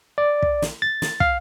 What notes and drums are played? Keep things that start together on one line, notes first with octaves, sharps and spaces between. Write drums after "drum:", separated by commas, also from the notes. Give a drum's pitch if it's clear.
D5
drum: kick
drum: snare
A6
drum: snare
F5, drum: kick